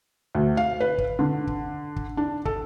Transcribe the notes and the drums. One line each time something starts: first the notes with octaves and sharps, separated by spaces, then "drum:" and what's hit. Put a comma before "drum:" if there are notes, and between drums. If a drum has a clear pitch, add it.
D2
F5
B4
drum: kick
D3
drum: kick
drum: kick
D4
A4, drum: kick